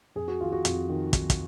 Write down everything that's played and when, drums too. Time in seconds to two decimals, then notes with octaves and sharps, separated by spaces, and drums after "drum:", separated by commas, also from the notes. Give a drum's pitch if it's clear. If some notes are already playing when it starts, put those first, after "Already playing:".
0.15 F2 G#4
0.28 F#4
0.41 D#3 F4
0.52 F#4
0.65 F2, drum: hi-hat
0.89 D#3
1.13 D#3, drum: kick, hi-hat
1.30 drum: kick, hi-hat